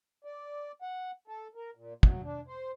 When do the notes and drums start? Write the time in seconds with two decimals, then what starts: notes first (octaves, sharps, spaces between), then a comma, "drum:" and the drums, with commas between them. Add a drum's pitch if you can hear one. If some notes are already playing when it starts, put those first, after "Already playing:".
0.25 D5
0.82 F#5
1.28 A4
1.55 A#4
1.75 A#2
2.03 F#3, drum: kick
2.23 D4
2.48 C5